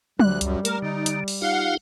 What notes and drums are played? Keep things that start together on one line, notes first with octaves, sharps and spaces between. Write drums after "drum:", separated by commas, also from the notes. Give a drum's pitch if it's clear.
D2 G3 F#6, drum: tom
C#2 F#2, drum: hi-hat
A3 A#4, drum: hi-hat
D3 D#4
drum: hi-hat
drum: open hi-hat
D#4 F4 G4 F5 F#5